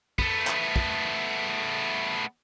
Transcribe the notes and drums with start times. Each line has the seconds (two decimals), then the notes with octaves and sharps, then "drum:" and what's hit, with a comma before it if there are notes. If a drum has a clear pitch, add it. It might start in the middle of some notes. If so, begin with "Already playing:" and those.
0.19 A3 B3, drum: kick
0.47 drum: clap
0.76 drum: kick